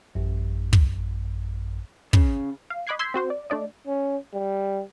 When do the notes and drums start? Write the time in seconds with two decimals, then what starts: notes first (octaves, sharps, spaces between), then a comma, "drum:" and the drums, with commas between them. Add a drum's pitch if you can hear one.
0.15 A1 F#2
0.73 drum: kick
2.13 C#3, drum: kick
2.70 F5
2.87 D#5 B5 D6 F#6 G#6 C7
2.99 C6 E6 G6 G#6 B6 C7
3.14 C4 F#4 C5
3.30 D5
3.50 A3 D4 D5 D#5
3.87 C#4
4.34 G3